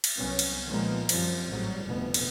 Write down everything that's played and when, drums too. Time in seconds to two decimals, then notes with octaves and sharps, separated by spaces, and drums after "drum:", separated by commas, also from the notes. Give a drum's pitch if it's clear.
0.04 drum: cymbal
0.16 C2 F#3 B3 C#4
0.39 drum: cymbal
0.67 A#2 D#3 F3 G#3 A#3 B3
1.09 F#2 F3 G3 C4, drum: cymbal
1.49 A1 G#2 F#3 G3
1.84 F1 D2 B2 B3
2.14 drum: cymbal